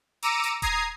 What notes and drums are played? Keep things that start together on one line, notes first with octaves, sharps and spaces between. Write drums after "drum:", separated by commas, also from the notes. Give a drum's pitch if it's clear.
A#5 D6 E6 C#7 D#7, drum: hi-hat
drum: hi-hat
A#5 D#6 G#6 C7, drum: kick D#1, hi-hat